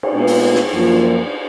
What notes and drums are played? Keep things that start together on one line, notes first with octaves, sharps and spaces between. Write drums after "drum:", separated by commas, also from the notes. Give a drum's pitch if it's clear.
drum: cymbal
A#2 G#3 B3 F4 B4
drum: open hi-hat
drum: snare
F#2 F3 A#3 F4